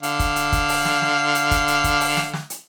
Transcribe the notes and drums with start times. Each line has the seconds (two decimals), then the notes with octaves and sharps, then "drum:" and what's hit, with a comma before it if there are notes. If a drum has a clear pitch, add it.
0.03 D3 F5, drum: hi-hat
0.19 drum: kick, hi-hat
0.36 drum: hi-hat
0.52 drum: kick, hi-hat
0.69 drum: open hi-hat
0.85 drum: snare
1.02 drum: snare
1.35 drum: hi-hat
1.51 drum: kick, hi-hat
1.68 drum: hi-hat
1.84 drum: kick, hi-hat
2.01 drum: open hi-hat
2.17 drum: snare
2.33 drum: snare
2.50 drum: hi-hat